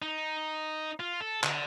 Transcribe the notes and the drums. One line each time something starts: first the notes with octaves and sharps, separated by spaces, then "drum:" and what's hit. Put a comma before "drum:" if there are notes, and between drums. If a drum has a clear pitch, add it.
D#4
F4
A4
D3, drum: clap